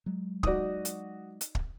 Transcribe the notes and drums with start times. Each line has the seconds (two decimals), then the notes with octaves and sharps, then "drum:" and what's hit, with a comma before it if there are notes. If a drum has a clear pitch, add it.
0.06 F#3 G#3
0.43 D#4 F#4 D5 D#6, drum: kick
0.85 drum: hi-hat
1.41 drum: hi-hat
1.55 drum: kick